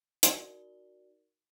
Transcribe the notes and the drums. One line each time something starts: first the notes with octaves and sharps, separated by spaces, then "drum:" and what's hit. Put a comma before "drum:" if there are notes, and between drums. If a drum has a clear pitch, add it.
D#4 F#4 A#4 D5 G7, drum: hi-hat